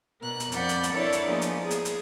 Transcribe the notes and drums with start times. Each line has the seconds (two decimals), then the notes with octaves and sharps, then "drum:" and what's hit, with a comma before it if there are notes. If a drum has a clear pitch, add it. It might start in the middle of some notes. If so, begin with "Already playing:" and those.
0.21 B2 A#4 F#6
0.40 drum: hi-hat
0.52 F2 F3 D5 F#5 B5 G6, drum: hi-hat
0.69 drum: hi-hat
0.83 drum: hi-hat
0.93 D4 E4 A4 A#4 C#5 D5
1.12 drum: hi-hat
1.27 F3 G#3 A#3 B3 D#4
1.42 drum: hi-hat
1.61 G#4
1.71 drum: hi-hat
1.85 drum: hi-hat